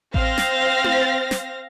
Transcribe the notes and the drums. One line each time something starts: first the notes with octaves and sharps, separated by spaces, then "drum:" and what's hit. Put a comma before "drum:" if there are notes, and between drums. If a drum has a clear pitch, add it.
C4 C5 F5 A#6, drum: kick A1
drum: snare
drum: tom E4
drum: snare